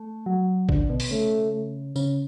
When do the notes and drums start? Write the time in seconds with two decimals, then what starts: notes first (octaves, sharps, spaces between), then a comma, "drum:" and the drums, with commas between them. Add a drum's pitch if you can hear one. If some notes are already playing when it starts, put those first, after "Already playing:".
Already playing: A3
0.26 F#3
0.69 D3, drum: kick A1
0.90 B2
1.00 drum: open hi-hat
1.11 C#3 A3
1.96 C#3, drum: tambourine